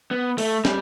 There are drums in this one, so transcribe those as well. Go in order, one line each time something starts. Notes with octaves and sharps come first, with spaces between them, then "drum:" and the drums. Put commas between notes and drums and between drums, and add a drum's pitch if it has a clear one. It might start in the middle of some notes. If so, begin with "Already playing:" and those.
B3
A3, drum: open hi-hat
G3, drum: snare